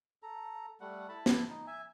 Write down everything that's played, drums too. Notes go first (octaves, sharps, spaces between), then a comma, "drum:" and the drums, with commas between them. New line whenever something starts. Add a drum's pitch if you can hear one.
A4 A#5
G3 A3 F#5
E4 A5 B5
drum: snare
D#4
E5 G#5